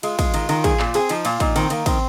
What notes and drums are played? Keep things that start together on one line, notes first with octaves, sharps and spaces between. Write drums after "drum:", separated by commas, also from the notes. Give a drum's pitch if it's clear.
G#3 F4, drum: cymbal
G#3, drum: kick, cymbal
D#3, drum: cymbal
D#3, drum: cymbal
G#4, drum: kick, cymbal
A#2, drum: clap
C4 G#4, drum: cymbal
F3 D#4, drum: cymbal
A#2 F4, drum: cymbal
A#2 D#4, drum: kick, cymbal
D#3 C4, drum: cymbal
D#3 A#3, drum: cymbal
D#3 C4, drum: kick, cymbal